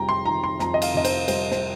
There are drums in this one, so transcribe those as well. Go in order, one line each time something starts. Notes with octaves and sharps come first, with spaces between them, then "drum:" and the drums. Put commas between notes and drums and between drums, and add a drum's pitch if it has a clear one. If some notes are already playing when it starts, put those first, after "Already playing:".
Already playing: F1 F2 G3 G5 A#5
C6
D#3 A#5
C6
F2 A#5, drum: snare
D#5
F5, drum: cymbal
F1 D#5
C5, drum: cymbal
G3 C5, drum: cymbal
C5, drum: snare